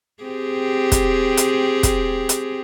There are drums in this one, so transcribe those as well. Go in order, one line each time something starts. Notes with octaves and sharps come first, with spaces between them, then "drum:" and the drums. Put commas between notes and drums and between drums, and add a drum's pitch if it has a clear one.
C4 G4 G#4
drum: kick, hi-hat
drum: hi-hat
drum: kick, hi-hat
drum: hi-hat